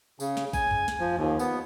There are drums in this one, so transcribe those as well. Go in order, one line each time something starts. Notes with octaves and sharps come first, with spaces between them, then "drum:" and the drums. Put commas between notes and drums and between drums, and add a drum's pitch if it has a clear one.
C#3, drum: tambourine
drum: snare
G#5, drum: kick, tambourine
drum: tom F2
drum: snare
F3
D#2
B3, drum: tambourine